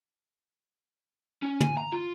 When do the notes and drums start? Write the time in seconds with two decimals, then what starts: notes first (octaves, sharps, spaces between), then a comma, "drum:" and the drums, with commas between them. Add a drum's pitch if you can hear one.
1.42 C#4
1.60 G#5, drum: tom
1.77 A#5
1.92 F4